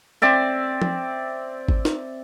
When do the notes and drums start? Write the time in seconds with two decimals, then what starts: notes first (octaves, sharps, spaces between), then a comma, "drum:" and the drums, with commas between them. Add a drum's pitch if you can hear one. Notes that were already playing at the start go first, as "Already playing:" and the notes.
0.22 C4 D5 E5
0.82 drum: tom
1.69 drum: kick G#1
1.85 drum: snare